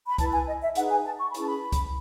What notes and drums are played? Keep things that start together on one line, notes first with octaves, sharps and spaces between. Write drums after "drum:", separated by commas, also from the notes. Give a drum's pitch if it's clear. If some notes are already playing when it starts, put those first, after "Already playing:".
B5
E4 B4 A5, drum: kick, hi-hat
G#5
D#5
E5
D#4 G#4 B4 F#5, drum: hi-hat
G#5
A5
C#6
B5
C#4 E4 G#4 B4 A5, drum: hi-hat
B5
drum: kick, hi-hat